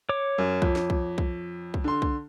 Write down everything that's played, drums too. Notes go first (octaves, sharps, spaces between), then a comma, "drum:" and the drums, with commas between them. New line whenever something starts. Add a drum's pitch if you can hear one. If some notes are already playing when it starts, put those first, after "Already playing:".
C#5 D6
F#2
F2, drum: kick B1
drum: snare
drum: kick B1
drum: kick B1
drum: kick B1
D3 C6
drum: kick B1